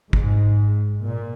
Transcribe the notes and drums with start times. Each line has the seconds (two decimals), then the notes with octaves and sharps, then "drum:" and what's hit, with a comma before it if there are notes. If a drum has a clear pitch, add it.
0.13 G#2, drum: kick
1.03 A#2